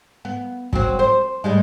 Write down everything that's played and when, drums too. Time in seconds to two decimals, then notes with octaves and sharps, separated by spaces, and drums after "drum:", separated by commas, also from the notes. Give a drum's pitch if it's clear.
0.25 B3
0.73 F#3 C4, drum: kick
0.99 C5
1.44 A2 G3 G#3